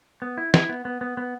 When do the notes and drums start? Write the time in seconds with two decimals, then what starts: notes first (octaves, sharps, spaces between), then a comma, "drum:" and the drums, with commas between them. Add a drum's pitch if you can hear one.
0.22 B3
0.38 E4
0.54 E4, drum: snare
0.69 B3
0.85 B3
1.01 B3
1.17 B3